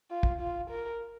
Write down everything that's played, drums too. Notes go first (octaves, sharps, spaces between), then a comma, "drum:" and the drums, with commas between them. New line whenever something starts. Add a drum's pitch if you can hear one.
F4
drum: kick
F4
A#4